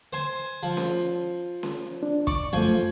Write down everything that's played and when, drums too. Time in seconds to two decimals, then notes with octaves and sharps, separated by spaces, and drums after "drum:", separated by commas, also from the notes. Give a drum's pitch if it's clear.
0.13 C5 G#5
0.63 F3
0.77 drum: snare C#4
1.63 drum: snare C#4
2.03 D4
2.27 D5 C#6, drum: kick
2.53 F#2 F3 A3 G#5